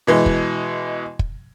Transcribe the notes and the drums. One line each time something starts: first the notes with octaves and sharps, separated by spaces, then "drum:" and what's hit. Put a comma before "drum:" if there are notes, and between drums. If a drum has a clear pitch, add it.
B2 E3 G#3
drum: kick
drum: kick